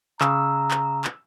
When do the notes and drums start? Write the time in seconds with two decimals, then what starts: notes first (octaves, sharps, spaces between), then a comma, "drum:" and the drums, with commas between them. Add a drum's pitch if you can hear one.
0.21 C#3 A#5 E6, drum: clap
0.71 drum: clap
1.04 drum: clap